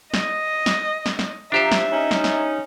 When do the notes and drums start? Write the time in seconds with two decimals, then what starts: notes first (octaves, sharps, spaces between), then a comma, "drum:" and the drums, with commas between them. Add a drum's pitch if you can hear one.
0.14 D#5, drum: snare
0.66 drum: snare
1.06 drum: snare
1.19 drum: snare
1.52 F3 D4 G4 C5 E5 A#5
1.72 drum: snare
1.91 C#4 D#4
2.11 drum: snare
2.24 drum: snare